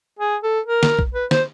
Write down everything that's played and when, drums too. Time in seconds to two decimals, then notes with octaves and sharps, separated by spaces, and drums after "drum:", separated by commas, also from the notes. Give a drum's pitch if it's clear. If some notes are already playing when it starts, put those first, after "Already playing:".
0.19 G#4
0.43 A4
0.66 A#4
0.83 drum: snare
0.99 drum: kick
1.14 B4
1.31 C5, drum: snare